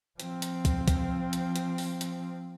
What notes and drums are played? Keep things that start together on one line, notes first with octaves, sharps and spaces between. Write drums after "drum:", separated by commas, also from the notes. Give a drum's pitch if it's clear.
F3 C4, drum: hi-hat
drum: hi-hat
drum: kick, hi-hat
drum: kick, hi-hat
drum: hi-hat
drum: hi-hat
drum: open hi-hat
drum: hi-hat